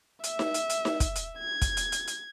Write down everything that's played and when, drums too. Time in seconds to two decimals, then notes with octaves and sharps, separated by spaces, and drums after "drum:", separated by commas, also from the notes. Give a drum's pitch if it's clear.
0.24 E5, drum: hi-hat
0.39 drum: snare D#4
0.54 drum: hi-hat
0.70 drum: hi-hat
0.85 drum: snare D#4
1.00 drum: kick, hi-hat
1.16 drum: hi-hat
1.39 G#6
1.62 drum: kick, hi-hat
1.77 drum: hi-hat
1.92 drum: hi-hat
2.08 drum: hi-hat